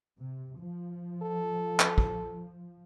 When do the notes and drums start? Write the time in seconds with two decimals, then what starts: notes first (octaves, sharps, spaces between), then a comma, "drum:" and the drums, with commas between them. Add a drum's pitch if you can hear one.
0.18 C3
0.59 F3
1.23 A4
1.80 drum: clap
1.98 drum: kick